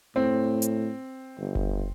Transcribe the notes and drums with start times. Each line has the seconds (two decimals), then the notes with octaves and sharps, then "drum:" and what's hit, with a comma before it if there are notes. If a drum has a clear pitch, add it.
0.16 A2 C4
0.62 drum: hi-hat
1.39 G1
1.55 drum: kick F1